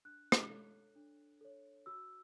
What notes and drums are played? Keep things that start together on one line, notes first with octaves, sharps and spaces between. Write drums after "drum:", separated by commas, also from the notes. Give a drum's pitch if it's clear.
D4 F#6
drum: rim click
A4 C#5
D4
A4 C#5
F#4 E6